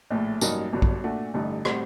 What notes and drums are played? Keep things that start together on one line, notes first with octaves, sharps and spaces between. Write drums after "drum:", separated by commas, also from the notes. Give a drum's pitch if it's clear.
A#1 A2 A3
A1 G2 F#3 A#3 D#4, drum: tambourine
G1 G2 F#3
drum: kick A#1
A#2 A3 D4 F#4
A1 G2 D3 A3 D#4
A2 G3 C4 F#4, drum: rim click